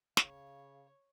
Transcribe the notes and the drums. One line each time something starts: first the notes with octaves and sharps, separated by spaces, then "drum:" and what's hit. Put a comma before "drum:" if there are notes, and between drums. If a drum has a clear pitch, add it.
C#3 C#5 F5, drum: snare